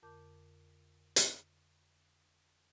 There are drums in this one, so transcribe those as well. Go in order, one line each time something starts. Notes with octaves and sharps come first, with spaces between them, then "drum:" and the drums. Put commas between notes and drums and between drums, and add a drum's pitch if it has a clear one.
F2 D3 A#4 A5 D6 G6
drum: hi-hat